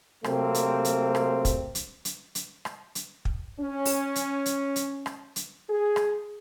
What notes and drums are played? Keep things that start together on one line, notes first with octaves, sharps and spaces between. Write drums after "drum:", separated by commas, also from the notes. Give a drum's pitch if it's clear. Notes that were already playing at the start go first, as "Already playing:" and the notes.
C3 F#3 A3 A#3 C4, drum: rim click
drum: hi-hat
drum: hi-hat
drum: rim click
drum: kick, hi-hat
drum: hi-hat
drum: hi-hat
drum: hi-hat
drum: rim click
drum: hi-hat
drum: kick
C#4
drum: open hi-hat
drum: hi-hat
drum: hi-hat
drum: hi-hat
drum: rim click
drum: hi-hat
G#4
drum: rim click